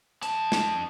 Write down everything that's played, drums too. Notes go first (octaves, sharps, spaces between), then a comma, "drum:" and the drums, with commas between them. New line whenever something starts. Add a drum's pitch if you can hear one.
F2 A5, drum: hi-hat
drum: snare